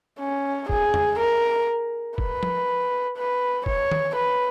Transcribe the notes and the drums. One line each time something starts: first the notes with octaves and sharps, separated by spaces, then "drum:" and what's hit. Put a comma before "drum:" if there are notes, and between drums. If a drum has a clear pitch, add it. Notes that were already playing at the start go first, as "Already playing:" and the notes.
C#4
G#4, drum: kick
drum: tom
A#4
B4, drum: kick
drum: tom F3
B4
C#5, drum: kick
drum: tom
B4